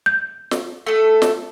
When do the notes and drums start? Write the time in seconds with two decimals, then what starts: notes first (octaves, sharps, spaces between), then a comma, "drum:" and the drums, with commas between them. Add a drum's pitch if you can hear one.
0.06 G6
0.51 drum: snare
0.86 A3 A4
1.22 drum: snare